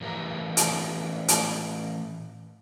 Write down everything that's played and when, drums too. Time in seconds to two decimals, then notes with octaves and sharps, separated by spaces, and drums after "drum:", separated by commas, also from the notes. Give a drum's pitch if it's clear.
0.01 A2 E3 G4 A#4 A#5
0.57 drum: hi-hat
1.28 drum: hi-hat